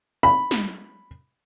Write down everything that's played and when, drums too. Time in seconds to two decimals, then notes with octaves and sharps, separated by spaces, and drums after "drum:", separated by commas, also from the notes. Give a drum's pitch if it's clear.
0.23 B5
0.51 drum: snare